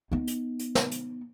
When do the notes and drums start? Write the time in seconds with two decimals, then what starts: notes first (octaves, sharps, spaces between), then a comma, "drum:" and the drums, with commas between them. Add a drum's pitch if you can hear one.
0.12 B3 D#4
0.27 drum: hi-hat
0.59 drum: hi-hat
0.75 drum: snare
0.91 drum: hi-hat